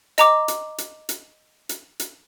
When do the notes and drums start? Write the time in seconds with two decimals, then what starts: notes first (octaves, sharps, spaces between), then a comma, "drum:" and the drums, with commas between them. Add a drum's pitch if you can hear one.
0.18 D#5 A#5 D6, drum: hi-hat
0.48 drum: hi-hat
0.78 drum: hi-hat
1.09 drum: hi-hat
1.69 drum: hi-hat
2.00 drum: hi-hat